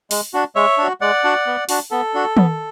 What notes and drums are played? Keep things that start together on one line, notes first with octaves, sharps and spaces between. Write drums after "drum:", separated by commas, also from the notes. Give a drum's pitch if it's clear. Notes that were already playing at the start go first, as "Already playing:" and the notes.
G#3, drum: open hi-hat
D4 F#4
G#3 C#5 E5
D4 F#4
G#3 D5 F#5
D4 F#4
B3
D4 F#4, drum: open hi-hat
B3 A4
D4 F#4
B3, drum: tom